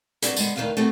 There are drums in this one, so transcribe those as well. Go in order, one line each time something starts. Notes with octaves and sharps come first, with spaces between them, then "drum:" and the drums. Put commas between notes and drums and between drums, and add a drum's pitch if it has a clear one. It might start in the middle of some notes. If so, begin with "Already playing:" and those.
F#3 G3 C4 D4 F#4, drum: hi-hat
D3 G#3 B3, drum: tambourine
D2 D#3 G#3 B4 C5 F5
A3 B3 C4 E4 F#4 G4